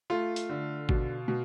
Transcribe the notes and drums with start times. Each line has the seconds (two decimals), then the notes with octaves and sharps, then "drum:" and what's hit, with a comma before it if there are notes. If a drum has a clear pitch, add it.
0.10 A3 F4
0.36 drum: hi-hat
0.49 D3
0.89 B2, drum: kick
1.28 B2